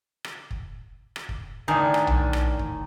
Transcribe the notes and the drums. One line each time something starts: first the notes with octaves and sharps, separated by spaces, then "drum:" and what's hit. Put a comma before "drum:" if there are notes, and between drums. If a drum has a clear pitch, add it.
drum: rim click
drum: kick
drum: rim click
drum: kick
A2 D#3 D4 D5 G#5 D#6
drum: rim click
drum: tom B1
drum: rim click
drum: kick